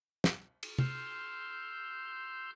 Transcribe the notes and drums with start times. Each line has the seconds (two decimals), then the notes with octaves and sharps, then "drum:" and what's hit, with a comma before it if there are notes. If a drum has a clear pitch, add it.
0.24 drum: snare
0.63 drum: cymbal
0.79 C6 E6 F6 G6, drum: tom C3